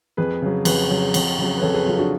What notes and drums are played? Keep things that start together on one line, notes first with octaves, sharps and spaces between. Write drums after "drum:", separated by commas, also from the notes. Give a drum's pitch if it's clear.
F2 G#4 B4
C#3 F#3
F2 G#4 B4, drum: cymbal
C#3 F#3
F2, drum: cymbal
C#3 F#3
B4
F2 A4 C#5
G#4 B4
C#3 F#3 F4 G#4
D4 F#4